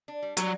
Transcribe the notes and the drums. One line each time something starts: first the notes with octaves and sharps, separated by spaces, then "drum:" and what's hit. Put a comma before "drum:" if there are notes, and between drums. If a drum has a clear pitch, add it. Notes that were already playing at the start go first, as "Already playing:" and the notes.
D4
G3
F#3 G3, drum: hi-hat